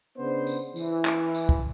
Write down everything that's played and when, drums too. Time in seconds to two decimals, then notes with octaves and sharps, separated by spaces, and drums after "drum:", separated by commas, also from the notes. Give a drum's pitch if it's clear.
0.18 C#3 B3 D4 C5
0.47 drum: tambourine
0.76 E3, drum: tambourine
1.05 drum: clap
1.34 drum: tambourine
1.49 drum: kick